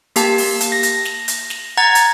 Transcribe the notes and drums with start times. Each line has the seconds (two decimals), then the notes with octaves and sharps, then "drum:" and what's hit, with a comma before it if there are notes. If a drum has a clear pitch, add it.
0.16 A#3 G4 A5, drum: hi-hat
0.38 drum: open hi-hat
0.61 drum: hi-hat
0.72 A#6
0.83 drum: hi-hat
1.05 drum: snare
1.28 drum: hi-hat
1.50 drum: snare
1.77 F#5 A#5 G#6 A6
1.95 drum: hi-hat